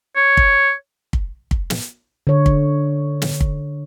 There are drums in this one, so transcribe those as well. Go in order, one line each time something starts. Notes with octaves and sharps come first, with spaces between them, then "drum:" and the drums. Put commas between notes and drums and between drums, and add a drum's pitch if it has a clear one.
C#5
drum: kick
drum: kick
drum: kick
drum: snare
D3 C#5
drum: kick
drum: snare
drum: kick